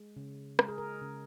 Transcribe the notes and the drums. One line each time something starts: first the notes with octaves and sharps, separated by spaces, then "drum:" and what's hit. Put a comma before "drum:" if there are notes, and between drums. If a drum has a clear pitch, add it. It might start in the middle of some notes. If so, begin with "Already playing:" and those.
Already playing: G#3
C#3
G#3 A#4, drum: rim click
G#4
A#4
C#3